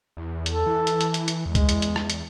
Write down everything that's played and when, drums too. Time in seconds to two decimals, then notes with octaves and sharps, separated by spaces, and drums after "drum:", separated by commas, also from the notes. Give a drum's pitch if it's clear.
0.17 E2
0.46 A4, drum: hi-hat
0.66 E3
0.87 drum: hi-hat
1.01 drum: hi-hat
1.14 drum: hi-hat
1.28 drum: hi-hat
1.46 E2 G#3
1.55 drum: kick, hi-hat
1.69 drum: hi-hat
1.82 drum: hi-hat
1.96 drum: rim click
2.10 drum: hi-hat